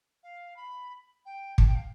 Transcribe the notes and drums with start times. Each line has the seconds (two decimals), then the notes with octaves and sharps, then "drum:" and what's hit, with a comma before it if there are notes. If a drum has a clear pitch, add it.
0.23 F5
0.56 B5
1.25 G5
1.58 A5, drum: kick
1.66 G5
1.75 F5